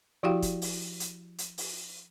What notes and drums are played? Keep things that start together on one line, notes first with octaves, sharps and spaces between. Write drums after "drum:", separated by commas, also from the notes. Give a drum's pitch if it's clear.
F3 E4 F#4 G4 F5 G5
drum: kick, hi-hat
drum: open hi-hat
drum: hi-hat
drum: hi-hat
drum: open hi-hat